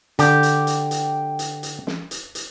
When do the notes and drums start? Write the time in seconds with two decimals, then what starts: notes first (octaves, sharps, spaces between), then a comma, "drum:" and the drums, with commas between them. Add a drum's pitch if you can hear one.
0.19 D3 G4, drum: hi-hat
0.43 drum: hi-hat
0.67 drum: hi-hat
0.91 drum: hi-hat
1.39 drum: hi-hat
1.63 drum: hi-hat
1.87 drum: snare
2.11 drum: hi-hat
2.35 drum: hi-hat